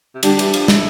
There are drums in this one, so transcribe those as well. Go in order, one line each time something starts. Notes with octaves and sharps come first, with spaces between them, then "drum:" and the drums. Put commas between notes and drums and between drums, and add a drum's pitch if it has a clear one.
C3
D3 G3 D4 G4, drum: cymbal
E3, drum: cymbal
F3, drum: cymbal
E4, drum: snare